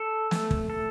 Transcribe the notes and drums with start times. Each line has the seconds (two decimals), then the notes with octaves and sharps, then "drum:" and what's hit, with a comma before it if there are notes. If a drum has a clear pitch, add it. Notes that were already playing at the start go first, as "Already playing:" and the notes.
Already playing: A4
0.31 A3, drum: snare
0.51 drum: kick
0.70 A4